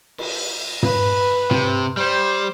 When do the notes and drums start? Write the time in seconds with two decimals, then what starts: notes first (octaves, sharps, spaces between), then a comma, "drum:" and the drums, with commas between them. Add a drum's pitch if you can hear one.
0.18 drum: cymbal
0.83 B4, drum: tom
1.51 C3, drum: tom
1.97 G3 C5